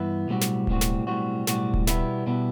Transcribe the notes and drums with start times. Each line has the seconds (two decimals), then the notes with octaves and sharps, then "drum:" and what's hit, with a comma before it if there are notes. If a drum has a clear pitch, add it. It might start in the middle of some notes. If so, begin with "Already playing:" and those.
Already playing: G2 E3 B3 E4
0.28 B1 A2 G3 C4 F#4
0.41 drum: snare
0.67 B1 A2 G3 C4 F#4, drum: kick D1
0.81 drum: snare
1.07 B1 A2 G3 C4 F#4
1.47 B1 A2 G3 C4 F#4, drum: snare
1.74 drum: kick D1
1.87 B2 G3 B3 E4, drum: snare
2.27 B2 G3 B3 E4